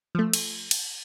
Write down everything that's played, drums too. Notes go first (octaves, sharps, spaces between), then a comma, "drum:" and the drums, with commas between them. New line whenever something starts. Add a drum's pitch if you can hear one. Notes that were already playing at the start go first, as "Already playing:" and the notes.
F3 A3
drum: cymbal
drum: cymbal